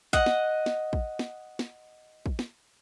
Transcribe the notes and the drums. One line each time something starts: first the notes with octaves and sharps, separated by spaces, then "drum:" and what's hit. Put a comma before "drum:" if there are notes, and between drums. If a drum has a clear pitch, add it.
D#5 F#5, drum: kick
drum: snare
drum: snare
drum: kick
drum: snare
drum: snare
drum: kick
drum: snare